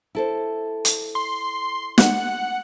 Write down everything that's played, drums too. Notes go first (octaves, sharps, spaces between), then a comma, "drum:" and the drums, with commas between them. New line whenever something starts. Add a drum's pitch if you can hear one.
E4 A4 C5
drum: hi-hat
C6
F#5, drum: snare